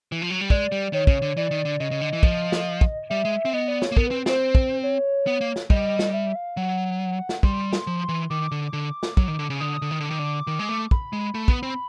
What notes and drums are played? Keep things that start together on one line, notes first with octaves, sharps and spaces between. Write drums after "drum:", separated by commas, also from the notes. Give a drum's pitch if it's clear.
E3
F3
F#3
G3
G#3 D5, drum: kick
G3
D#3 C#5
C#3, drum: kick
D3
E3 D5
D#3
D3
C#3 D#5
C#3
D3
E3
F3, drum: kick
drum: snare
drum: kick
G3 E5
G#3
C4
B3 D#5
D5
C#5, drum: snare
A#3
B3 A#4, drum: kick
C4 B4
C4 C5, drum: snare
drum: kick
C#5
B3
A#3
drum: snare
G3 D#5, drum: kick
drum: snare
E5
F5
F#3 F#5
drum: snare
G3 C6, drum: kick
drum: snare
F3
E3
D#3 D6
D3
D3
drum: snare
F#3, drum: kick
D#3
D3
C#3
D3 D#6
D3
D#3
D3 D6
D#3
D3
D#3
G#3
A3
B5, drum: kick
G#3
A3 B5
B3, drum: kick
C4